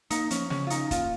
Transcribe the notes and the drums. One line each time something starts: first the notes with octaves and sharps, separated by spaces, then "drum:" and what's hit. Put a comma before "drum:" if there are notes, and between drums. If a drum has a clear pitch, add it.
A#3 D#4, drum: hi-hat
F3 C#4, drum: hi-hat
C#3 C#4, drum: snare
F4
C#4 D#4, drum: hi-hat
A#3 F4, drum: kick C#1, hi-hat